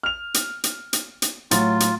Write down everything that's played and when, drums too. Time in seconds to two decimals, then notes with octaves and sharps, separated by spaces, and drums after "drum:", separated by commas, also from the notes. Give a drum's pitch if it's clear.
0.03 F6 F7
0.34 drum: hi-hat
0.64 drum: hi-hat
0.93 drum: hi-hat
1.22 drum: hi-hat
1.51 A2 F#3 F4 A6, drum: hi-hat
1.80 drum: hi-hat